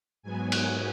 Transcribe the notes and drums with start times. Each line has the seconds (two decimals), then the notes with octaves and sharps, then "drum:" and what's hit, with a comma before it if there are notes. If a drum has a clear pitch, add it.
0.23 G#2 F#3 B3 G#5
0.52 drum: cymbal